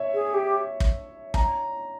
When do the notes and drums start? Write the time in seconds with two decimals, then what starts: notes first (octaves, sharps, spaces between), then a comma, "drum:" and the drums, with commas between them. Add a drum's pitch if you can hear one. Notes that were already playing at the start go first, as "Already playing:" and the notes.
Already playing: C#5 E5
0.13 G#4
0.33 G4
0.80 drum: kick
1.34 A#5, drum: kick